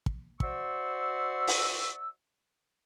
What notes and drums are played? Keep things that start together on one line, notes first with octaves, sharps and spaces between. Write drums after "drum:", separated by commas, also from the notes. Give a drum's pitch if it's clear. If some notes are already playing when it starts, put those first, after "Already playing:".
drum: kick
F#4 C5 D5 E5 C#6 E6, drum: kick
drum: open hi-hat